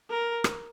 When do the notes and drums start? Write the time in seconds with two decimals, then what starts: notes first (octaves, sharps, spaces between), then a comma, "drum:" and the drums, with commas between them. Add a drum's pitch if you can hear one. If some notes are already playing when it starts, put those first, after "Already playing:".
0.10 A#4
0.44 drum: rim click